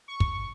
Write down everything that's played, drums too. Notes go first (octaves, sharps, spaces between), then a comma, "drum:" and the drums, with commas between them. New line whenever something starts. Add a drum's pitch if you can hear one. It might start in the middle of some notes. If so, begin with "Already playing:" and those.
C#6
drum: kick